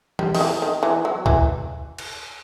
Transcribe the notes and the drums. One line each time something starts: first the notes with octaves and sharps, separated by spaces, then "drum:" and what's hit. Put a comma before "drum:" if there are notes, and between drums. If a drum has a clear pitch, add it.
G3, drum: tom E3
D#3, drum: open hi-hat
E3
D#3
E3
F#3
E3, drum: kick C2
drum: cymbal